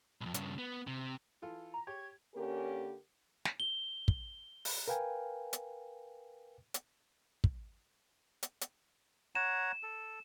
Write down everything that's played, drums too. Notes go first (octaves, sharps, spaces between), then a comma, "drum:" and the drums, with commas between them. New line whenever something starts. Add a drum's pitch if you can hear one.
B1 F2
G2 C#3, drum: hi-hat
B3
C3
E3 F4 A4
A#5
G4 C#5 G#6
D3 A#3 C#4 G4 A#4
drum: snare
G7
drum: kick
drum: open hi-hat
A#4 B4 F5 G5 G#5
drum: hi-hat
drum: hi-hat
drum: kick
drum: hi-hat
drum: hi-hat
C#5 F#5 A#5 E7
A4